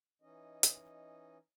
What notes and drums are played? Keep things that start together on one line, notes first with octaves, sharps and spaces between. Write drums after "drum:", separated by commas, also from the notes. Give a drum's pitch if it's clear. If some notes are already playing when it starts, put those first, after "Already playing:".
E3 C#4 D#4 D#5
drum: hi-hat